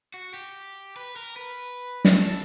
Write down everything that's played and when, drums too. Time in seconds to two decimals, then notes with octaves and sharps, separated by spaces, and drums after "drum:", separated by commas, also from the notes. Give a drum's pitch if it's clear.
0.14 F#4
0.34 G4
0.96 B4
1.16 A#4
1.36 B4
2.05 drum: snare
2.18 A4